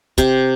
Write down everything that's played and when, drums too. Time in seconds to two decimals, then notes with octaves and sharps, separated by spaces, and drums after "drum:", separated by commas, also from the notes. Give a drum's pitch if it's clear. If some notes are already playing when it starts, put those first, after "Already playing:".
0.18 C3, drum: kick, hi-hat